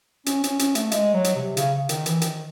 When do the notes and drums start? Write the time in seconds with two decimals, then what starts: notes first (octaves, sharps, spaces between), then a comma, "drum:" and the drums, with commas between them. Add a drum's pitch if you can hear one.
0.26 C#4, drum: hi-hat
0.44 C#4, drum: hi-hat
0.59 C#4, drum: hi-hat
0.75 A3, drum: hi-hat
0.92 G#3, drum: hi-hat
1.14 F#3
1.24 drum: hi-hat
1.36 C3
1.57 C#3, drum: hi-hat
1.73 C#3
1.89 D#3, drum: hi-hat
2.06 E3, drum: hi-hat
2.21 D#3, drum: hi-hat